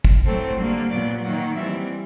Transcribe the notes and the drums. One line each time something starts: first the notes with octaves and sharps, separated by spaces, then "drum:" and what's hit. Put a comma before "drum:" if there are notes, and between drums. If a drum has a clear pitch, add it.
drum: kick
A2 F#3 A3 C4 A4
D3 G3 A#3
A#2 F#3 B3 D5
D#3 F#3 A#3 F#5
E3 G3 C4 E5